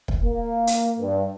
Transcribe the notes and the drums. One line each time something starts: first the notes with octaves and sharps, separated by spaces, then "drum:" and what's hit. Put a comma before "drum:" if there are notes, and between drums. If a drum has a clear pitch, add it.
drum: kick
A#3
drum: hi-hat
G2